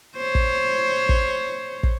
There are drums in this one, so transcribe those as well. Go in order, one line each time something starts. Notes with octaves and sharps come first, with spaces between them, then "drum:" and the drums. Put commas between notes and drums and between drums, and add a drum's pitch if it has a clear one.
C5 C#5
drum: kick
drum: kick
drum: kick